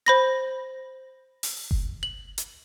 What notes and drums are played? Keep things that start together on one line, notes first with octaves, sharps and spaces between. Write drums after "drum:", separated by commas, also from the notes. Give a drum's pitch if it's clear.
C5 B5 A#6
drum: open hi-hat
drum: kick F#1
F#7
drum: hi-hat